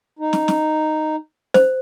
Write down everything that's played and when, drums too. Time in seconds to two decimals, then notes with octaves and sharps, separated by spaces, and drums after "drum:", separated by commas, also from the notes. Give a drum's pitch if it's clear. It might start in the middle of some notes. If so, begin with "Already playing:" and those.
0.19 D#4
0.33 drum: snare
0.48 drum: snare
1.54 C5, drum: snare